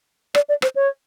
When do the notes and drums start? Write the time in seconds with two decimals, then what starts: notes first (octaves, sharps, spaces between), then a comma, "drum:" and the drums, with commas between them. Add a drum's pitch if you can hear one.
0.35 D5, drum: rim click
0.49 D5
0.62 C5, drum: rim click
0.76 C#5